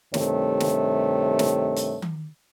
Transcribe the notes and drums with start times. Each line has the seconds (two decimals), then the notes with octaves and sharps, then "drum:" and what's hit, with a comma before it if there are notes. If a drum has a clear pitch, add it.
0.14 G2 C3 D#3 A3 C#5, drum: snare
0.60 drum: snare
1.39 drum: snare
1.76 drum: hi-hat
2.02 drum: tom D#3